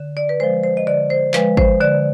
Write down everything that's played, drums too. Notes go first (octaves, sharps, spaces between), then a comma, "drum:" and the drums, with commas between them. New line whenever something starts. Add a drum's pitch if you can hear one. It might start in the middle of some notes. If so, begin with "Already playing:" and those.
Already playing: D3
D5
B4
F3 G#3 C5
C5
D#5
D3 D5
C5
F3 G#3 B4, drum: clap
C5, drum: kick G#1
D3 D5